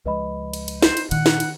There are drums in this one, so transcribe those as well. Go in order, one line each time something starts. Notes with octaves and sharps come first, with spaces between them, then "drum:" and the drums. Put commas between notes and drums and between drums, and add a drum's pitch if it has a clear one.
C#2 F3 G#3 B4 D#5 B5
drum: cymbal
drum: cymbal
C5, drum: snare
drum: cymbal
A#2 D#3 F#5, drum: cymbal
drum: snare
drum: cymbal